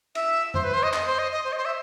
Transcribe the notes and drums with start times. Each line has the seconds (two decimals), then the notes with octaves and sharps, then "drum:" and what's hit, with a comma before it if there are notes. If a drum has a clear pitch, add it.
0.15 E5, drum: cymbal
0.54 C5, drum: tom F2
0.64 B4
0.74 C5
0.83 D#5
0.93 D#5, drum: clap
1.06 C5
1.19 D#5
1.32 D#5
1.44 C5
1.53 D#5
1.58 C5
1.65 E5